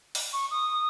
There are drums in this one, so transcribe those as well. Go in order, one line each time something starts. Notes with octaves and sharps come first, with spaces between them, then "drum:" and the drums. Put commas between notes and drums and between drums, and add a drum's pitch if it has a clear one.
drum: open hi-hat
C#6
D#6